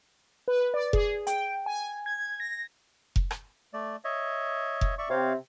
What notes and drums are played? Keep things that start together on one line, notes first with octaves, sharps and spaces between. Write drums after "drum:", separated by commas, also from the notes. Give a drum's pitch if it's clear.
B4
D5
G#4, drum: kick F1
G5, drum: hi-hat
G#5
G#6
A#6
drum: kick F1
drum: rim click
A3 D5
C#5 D#5 E5
drum: kick F1
D5 E5 C#6
C3 C4 C#5 F5